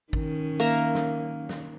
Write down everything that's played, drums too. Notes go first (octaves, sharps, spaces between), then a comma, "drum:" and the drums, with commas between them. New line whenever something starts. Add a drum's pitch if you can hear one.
D#3 C#4, drum: kick G#1
A#3 A#4 E5
drum: snare
drum: snare